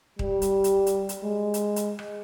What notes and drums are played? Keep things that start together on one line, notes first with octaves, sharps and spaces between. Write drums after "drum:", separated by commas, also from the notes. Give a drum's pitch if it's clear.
G3, drum: kick D#1
drum: hi-hat
drum: hi-hat
drum: hi-hat
drum: hi-hat
G#3
drum: hi-hat
drum: hi-hat
drum: rim click